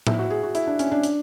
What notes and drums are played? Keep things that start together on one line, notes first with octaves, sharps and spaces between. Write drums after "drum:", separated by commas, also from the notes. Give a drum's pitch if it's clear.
E4, drum: tom
F#4
G#4
F#4
E4, drum: hi-hat
D4
C#4, drum: hi-hat
D4
drum: hi-hat